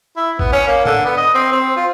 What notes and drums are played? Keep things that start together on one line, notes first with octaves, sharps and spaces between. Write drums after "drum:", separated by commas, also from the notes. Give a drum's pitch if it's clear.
E4
B3, drum: kick A1
C#4
A#3
D3, drum: tom G#2
B3
D#5
C4
C4
F4